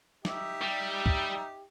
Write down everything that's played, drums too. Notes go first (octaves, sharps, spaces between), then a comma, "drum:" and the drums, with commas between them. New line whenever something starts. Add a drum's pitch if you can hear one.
D#4 G4 E5, drum: snare
G3
drum: kick